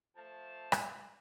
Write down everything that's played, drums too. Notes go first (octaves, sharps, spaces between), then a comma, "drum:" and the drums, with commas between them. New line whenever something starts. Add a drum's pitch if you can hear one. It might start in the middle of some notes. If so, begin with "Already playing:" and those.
F3 A3 A4 F5 A5
drum: rim click